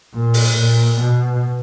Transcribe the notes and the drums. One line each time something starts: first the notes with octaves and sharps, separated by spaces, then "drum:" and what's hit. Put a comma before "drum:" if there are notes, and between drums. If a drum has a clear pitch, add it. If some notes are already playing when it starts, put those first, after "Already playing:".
A#2
drum: open hi-hat
A#2
B2